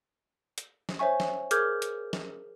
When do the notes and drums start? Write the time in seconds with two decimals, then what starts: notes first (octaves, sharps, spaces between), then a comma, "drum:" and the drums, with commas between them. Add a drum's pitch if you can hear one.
0.58 drum: hi-hat
0.89 drum: snare
0.99 C5 C#5 E5 G#5 C#6
1.20 drum: snare
1.51 G#4 A#4 D6 F6 G6 G#6, drum: hi-hat
1.82 drum: hi-hat
2.13 drum: snare